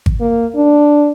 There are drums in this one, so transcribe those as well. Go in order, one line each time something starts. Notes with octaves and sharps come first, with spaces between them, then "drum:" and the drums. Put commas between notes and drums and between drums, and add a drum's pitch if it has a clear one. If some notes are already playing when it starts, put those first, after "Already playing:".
drum: kick G#1
A#3
D4